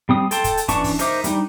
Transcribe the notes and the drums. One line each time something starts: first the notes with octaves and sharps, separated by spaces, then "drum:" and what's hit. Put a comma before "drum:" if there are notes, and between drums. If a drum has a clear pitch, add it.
G3 C4 D#6
A4 G5 A5 C6, drum: hi-hat
drum: kick, hi-hat
drum: hi-hat
E3 C#4 D4 A5 C#6, drum: kick, hi-hat
drum: kick, open hi-hat
D#4 A#4 C5 E5 D6, drum: hi-hat
G3 D4 D#4, drum: hi-hat